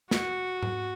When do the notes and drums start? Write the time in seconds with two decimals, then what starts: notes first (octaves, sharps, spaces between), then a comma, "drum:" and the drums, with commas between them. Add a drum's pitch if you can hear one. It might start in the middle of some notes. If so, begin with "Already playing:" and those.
0.11 F#4, drum: snare
0.63 drum: tom G#2